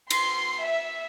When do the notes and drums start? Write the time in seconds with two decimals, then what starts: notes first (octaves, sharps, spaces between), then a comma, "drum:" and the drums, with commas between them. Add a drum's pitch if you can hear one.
0.10 C6, drum: cymbal
0.64 E5